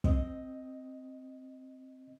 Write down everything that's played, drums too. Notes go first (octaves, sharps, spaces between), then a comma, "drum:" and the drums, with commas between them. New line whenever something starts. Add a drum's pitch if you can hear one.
C4 D#5, drum: kick